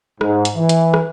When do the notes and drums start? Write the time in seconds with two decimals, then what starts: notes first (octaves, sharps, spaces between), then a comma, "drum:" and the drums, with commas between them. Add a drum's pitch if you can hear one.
0.21 G#2, drum: rim click
0.45 drum: hi-hat
0.56 E3
0.69 drum: hi-hat
0.94 drum: rim click